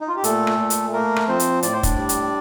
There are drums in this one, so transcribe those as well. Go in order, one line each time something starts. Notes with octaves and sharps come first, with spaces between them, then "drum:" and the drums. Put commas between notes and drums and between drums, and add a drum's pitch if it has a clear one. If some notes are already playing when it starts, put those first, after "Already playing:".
D#4
F4
G4
A#2 A3 A4, drum: hi-hat
drum: rim click
A#2
drum: hi-hat
A3 A#3 A#4
drum: rim click
F3 C4 C5
drum: hi-hat
A2 D5, drum: hi-hat
C5
D4 D5, drum: kick, hi-hat
G3
drum: hi-hat